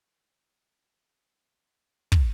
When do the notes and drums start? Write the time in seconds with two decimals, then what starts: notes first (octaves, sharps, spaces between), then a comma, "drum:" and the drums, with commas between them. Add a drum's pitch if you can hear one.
0.19 F#4 C#5
0.57 E5 G5 A#5
1.31 G#3 E5
2.12 drum: kick